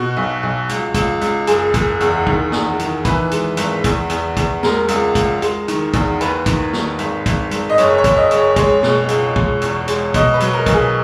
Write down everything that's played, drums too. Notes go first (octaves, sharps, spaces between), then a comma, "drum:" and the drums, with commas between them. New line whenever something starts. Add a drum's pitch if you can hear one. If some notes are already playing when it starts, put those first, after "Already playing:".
Already playing: B2 F#4
B1
B1
C#2, drum: hi-hat
C#2, drum: kick, hi-hat
C#2, drum: hi-hat
F#1 G#4, drum: hi-hat
F#1, drum: kick, hi-hat
E2, drum: hi-hat
D#3, drum: kick
E2, drum: snare
D#3, drum: hi-hat
E3 B4, drum: kick, hi-hat
G#3, drum: hi-hat
G#1, drum: hi-hat
E2, drum: kick, hi-hat
E2, drum: hi-hat
E2, drum: kick, hi-hat
G#3 A#4, drum: snare
C#2, drum: hi-hat
C#2, drum: kick, hi-hat
G#3, drum: hi-hat
D#3, drum: hi-hat
E2, drum: kick, hi-hat
D#2 B4, drum: hi-hat
D#3, drum: kick, hi-hat
D#3, drum: snare
G#1, drum: hi-hat
G#1, drum: kick, hi-hat
G#1, drum: hi-hat
D#5
F#1 C#5, drum: hi-hat
C#5
F#1, drum: kick, hi-hat
D#5
F#1, drum: hi-hat
C#5
G#3 C#5, drum: kick, hi-hat
B2, drum: snare
C#2, drum: hi-hat
G#3, drum: kick
E2, drum: hi-hat
G#3, drum: hi-hat
B2 D#5, drum: kick, hi-hat
B4
F#3, drum: hi-hat
A#4
B1, drum: kick, hi-hat
G#4